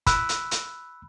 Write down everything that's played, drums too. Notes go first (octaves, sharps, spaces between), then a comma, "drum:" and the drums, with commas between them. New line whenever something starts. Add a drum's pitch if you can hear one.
B5 E6 F#6, drum: kick, hi-hat
drum: hi-hat
drum: hi-hat